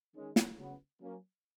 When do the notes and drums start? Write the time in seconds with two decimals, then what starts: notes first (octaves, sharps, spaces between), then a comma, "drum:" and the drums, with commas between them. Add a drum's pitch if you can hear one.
0.15 D#3 G#3 C#4
0.36 drum: snare
0.57 C#3 F#3 B3
1.00 F#3 A#3 C#4